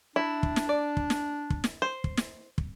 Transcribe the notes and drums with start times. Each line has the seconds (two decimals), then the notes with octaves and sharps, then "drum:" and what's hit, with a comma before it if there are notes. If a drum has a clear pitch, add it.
0.16 D4 E4
0.43 drum: kick
0.56 drum: snare
0.69 D5
0.97 drum: kick
1.10 drum: snare
1.50 drum: kick
1.64 drum: snare
1.82 C5
2.04 drum: kick
2.18 drum: snare
2.58 drum: kick